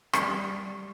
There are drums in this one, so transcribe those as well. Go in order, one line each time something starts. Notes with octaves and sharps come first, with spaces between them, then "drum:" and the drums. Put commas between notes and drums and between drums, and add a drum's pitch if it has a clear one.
G3 C#6, drum: rim click